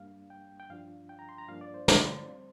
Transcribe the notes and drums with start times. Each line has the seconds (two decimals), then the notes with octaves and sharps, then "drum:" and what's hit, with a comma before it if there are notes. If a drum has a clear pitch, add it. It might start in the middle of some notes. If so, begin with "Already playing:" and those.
Already playing: G2 G3 A#3 D4 F5
0.30 G5
0.60 G5
0.69 G2 F3 D4 F4 F5
1.09 G5
1.19 A#5
1.29 C6
1.38 A#5
1.48 G2 F3 A#3 D4 F4 F5
1.61 D5
1.74 C5
1.88 C5, drum: snare
2.27 G3 C4